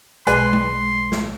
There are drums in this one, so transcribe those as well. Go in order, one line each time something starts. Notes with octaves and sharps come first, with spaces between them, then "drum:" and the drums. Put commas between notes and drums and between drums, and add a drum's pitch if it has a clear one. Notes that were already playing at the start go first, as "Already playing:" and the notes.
B1 G#3 B4 D5 G#5 C6, drum: hi-hat
drum: tom G#3
drum: snare